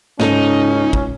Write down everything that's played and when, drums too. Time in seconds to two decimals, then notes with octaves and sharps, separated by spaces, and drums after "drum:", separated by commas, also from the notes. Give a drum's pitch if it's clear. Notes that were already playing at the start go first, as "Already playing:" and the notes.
0.20 C#2 G#2 C#4 D#4 A4, drum: snare
0.93 drum: kick